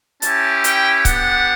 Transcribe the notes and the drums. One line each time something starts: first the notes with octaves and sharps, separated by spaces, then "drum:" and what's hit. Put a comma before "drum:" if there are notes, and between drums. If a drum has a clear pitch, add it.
C#4 E4 G4 A5, drum: hi-hat
G5, drum: hi-hat
B3 D4 G4 F#5, drum: kick C#1, hi-hat